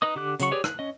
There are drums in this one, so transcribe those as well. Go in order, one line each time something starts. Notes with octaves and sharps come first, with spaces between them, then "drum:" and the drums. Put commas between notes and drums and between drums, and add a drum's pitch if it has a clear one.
D#4 B4 D#5 D#6
D3 G4 D6 F#6
C#3 F#3 C#6, drum: hi-hat
G4 G#4 B4 C#5 D5
F#6, drum: rim click
C#4 D#5